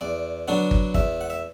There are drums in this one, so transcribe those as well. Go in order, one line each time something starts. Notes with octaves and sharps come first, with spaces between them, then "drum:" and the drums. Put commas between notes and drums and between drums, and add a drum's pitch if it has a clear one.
E2 D5
D3 F#3 B3 D4 F#5
drum: kick
E2 E5, drum: kick
F#5
E5